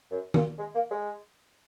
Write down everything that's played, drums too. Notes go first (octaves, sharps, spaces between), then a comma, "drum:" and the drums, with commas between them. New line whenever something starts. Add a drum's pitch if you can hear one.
F#2
A#2, drum: tom
G#3
A#3
G#3